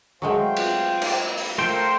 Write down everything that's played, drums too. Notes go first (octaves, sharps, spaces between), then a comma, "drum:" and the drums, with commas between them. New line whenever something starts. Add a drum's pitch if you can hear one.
F#3 G#3 A3 C5 F5 G5
drum: cymbal
drum: cymbal
A#3 E4
drum: open hi-hat
A3 F4 A4 A#4 C5 G5